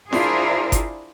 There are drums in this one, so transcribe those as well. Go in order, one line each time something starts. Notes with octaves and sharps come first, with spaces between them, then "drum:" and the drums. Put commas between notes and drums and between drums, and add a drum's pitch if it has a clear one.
D4 E4 F4 G#4 A#4 C5, drum: snare F4
drum: kick G1, hi-hat